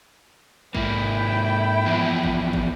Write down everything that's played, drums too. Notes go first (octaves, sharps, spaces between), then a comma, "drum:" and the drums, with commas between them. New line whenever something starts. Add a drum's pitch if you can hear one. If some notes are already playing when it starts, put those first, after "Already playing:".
G#2 A#3 E4 G5, drum: kick
E3 F3 B3
drum: kick
drum: kick